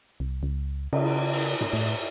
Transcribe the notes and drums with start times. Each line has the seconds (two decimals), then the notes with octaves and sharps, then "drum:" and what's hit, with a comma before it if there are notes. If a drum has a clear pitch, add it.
0.20 C2
0.43 C#2
0.93 C#3, drum: cymbal
1.33 drum: open hi-hat
1.61 drum: tom
1.73 A2, drum: open hi-hat